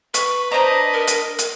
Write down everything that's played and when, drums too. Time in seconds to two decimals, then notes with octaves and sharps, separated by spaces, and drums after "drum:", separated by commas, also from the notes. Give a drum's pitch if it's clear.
0.14 B4 C#6, drum: hi-hat
0.52 D4 C5 D#5 A#5
0.94 A#4
1.07 drum: hi-hat
1.38 drum: hi-hat